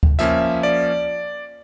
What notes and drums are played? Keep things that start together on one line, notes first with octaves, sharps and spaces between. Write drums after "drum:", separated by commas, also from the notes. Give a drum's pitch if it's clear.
drum: kick D2
F3 A#3 C#4 E5, drum: hi-hat
D5